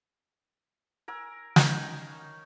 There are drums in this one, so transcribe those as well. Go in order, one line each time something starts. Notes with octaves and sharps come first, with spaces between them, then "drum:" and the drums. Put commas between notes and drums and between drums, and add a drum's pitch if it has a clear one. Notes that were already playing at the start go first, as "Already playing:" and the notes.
A#4 G#5 E6
C#4 D#4 A#4 G#5, drum: snare